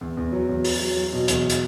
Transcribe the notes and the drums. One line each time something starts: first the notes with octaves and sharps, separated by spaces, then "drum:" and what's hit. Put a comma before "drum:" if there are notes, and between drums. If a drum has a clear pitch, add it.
E2
E2
F#3
E2
F#3, drum: open hi-hat
F#3
F#3
B2
E2, drum: hi-hat
drum: hi-hat